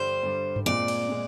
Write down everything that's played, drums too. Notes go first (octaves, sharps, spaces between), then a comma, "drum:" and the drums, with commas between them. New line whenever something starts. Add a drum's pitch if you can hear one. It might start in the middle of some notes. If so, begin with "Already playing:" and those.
Already playing: G2 D3 G3 C5
G2 D3 G3
drum: tom G2
A#2 G#3 C4 F4 D5
drum: cymbal
A#2 G#3